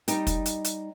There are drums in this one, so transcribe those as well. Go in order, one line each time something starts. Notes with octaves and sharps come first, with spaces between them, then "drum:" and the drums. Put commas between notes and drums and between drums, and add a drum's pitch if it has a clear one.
G3 D#4 G4, drum: hi-hat
drum: kick, hi-hat
drum: hi-hat
drum: hi-hat